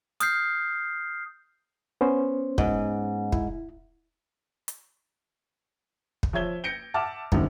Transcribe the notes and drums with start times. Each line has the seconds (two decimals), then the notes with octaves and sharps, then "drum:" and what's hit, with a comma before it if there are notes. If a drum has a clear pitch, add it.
0.20 D#6 F6 G6 C7, drum: hi-hat
2.01 B3 C#4 C5
2.58 G#2, drum: kick
3.32 E4, drum: kick
4.68 drum: hi-hat
6.23 drum: kick
6.33 F3 C#5 E5 G#6 G7
6.64 G6 A#6 C#7 D7 G7
6.94 E5 F#5 A5 D6 F6
7.32 D#1 F#2 D3 D#3, drum: kick